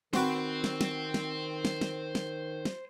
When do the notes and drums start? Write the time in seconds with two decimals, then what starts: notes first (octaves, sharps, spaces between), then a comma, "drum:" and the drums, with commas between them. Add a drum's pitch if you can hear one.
0.13 D#3 C4 F#4 B4 C5 G5, drum: snare
0.64 drum: snare
0.81 drum: snare
1.14 drum: snare
1.65 drum: snare
1.81 drum: snare
2.15 drum: snare
2.65 drum: snare